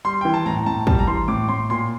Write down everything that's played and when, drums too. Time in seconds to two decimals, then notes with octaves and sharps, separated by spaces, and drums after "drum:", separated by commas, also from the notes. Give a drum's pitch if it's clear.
0.05 G3 C6
0.21 E3 G5
0.34 A5
0.46 A2 A#5
0.66 A2 A5
0.87 G3 A5, drum: kick
0.99 A#5
1.07 E3 C6
1.28 A2 D6
1.49 A2 C6
1.70 A#2 C6